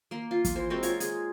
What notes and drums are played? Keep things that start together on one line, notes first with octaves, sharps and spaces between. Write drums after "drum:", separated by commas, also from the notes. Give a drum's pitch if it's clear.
A#3 C6
F4
drum: kick, hi-hat
E3 C5
G#3 C4 F#4 A#4
F4 C#5 C#6, drum: hi-hat
G#4, drum: hi-hat